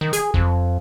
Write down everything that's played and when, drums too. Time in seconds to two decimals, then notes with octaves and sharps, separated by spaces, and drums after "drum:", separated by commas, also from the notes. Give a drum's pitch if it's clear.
0.01 D#3
0.13 G#4, drum: hi-hat
0.34 F2, drum: kick